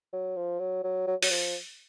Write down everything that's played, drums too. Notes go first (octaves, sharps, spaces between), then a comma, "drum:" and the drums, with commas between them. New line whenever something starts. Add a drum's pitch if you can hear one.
F#3
F3
F#3
F#3
F#3
F#3, drum: open hi-hat
F3